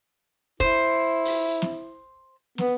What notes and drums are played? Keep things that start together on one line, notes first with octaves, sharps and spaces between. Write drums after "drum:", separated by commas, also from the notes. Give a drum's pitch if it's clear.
E4 C5, drum: kick
drum: open hi-hat
drum: snare
B3, drum: snare